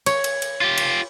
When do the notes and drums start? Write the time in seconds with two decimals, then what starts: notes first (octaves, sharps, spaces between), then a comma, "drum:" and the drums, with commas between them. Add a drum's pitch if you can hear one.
0.06 C#5, drum: cymbal
0.24 drum: cymbal
0.42 drum: cymbal
0.61 F4 G4
0.78 drum: cymbal